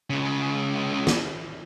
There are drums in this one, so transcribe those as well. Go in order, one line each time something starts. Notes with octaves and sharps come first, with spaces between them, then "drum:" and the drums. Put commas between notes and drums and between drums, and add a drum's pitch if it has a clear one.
C#2 C#3
drum: snare